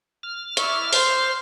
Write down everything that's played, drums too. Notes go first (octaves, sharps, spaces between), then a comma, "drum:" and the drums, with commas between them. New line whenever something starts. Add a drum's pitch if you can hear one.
F6
E4 D5 E5 C#6, drum: hi-hat
C5 C6, drum: open hi-hat